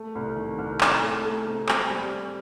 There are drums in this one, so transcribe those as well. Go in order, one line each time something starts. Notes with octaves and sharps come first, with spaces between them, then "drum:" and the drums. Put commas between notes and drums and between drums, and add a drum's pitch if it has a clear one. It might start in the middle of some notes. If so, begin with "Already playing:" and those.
Already playing: A3
C2
D#3
C2
C2, drum: clap
A3
A3
C3
C4, drum: clap
G3
C4